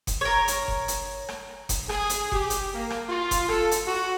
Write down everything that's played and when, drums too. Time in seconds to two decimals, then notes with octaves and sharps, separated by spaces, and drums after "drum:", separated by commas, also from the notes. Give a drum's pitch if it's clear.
0.07 drum: kick F#1, hi-hat
0.21 A#4 C#5
0.48 drum: hi-hat
0.68 drum: kick F#1
0.88 drum: hi-hat
1.29 drum: rim click
1.69 drum: kick F#1, hi-hat
1.89 G#4, drum: rim click
2.10 drum: hi-hat
2.32 G4, drum: kick F#1
2.50 drum: hi-hat
2.74 A#3
2.90 drum: rim click
3.09 F4
3.31 drum: kick F#1, hi-hat
3.49 A4, drum: rim click
3.71 drum: hi-hat
3.87 F#4